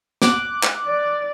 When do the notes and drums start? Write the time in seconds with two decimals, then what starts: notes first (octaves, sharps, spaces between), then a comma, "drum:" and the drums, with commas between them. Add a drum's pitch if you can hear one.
0.22 D6 F#6, drum: snare
0.63 drum: clap
0.85 D5